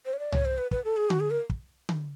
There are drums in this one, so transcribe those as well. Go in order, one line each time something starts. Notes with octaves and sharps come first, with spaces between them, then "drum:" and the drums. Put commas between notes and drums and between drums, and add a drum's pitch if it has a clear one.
C5
C#5
D5
C#5, drum: tom C2
C5
B4
B4, drum: kick
A4
G#4
F#4, drum: tom D3
G#4
A#4
drum: kick
drum: tom D3